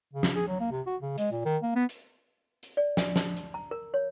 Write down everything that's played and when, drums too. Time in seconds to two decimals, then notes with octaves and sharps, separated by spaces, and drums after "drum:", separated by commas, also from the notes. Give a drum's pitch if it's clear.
0.13 C#3
0.23 drum: snare
0.36 G#4
0.48 F#3
0.60 A#3
0.72 C3
0.86 F#4
1.02 C#3
1.18 G#3, drum: hi-hat
1.32 A#2
1.45 D#3
1.63 A#3
1.76 B3
1.89 drum: hi-hat
2.63 drum: hi-hat
2.77 D5
2.97 G#5, drum: snare
3.16 A5, drum: snare
3.37 drum: hi-hat
3.54 A#5
3.71 A#4
3.94 C#5